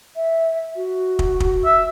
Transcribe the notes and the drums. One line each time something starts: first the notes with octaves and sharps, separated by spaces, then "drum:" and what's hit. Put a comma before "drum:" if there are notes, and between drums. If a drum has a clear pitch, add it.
E5
F#4
drum: kick
drum: kick
E5